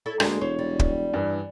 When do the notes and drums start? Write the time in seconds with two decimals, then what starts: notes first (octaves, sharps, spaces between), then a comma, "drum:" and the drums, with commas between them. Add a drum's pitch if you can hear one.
0.06 E4 A4 C#5
0.20 D2 G#3 A#3 D4, drum: rim click
0.41 E1 C5 C#5
0.59 G3
0.79 drum: kick
1.14 G2 E3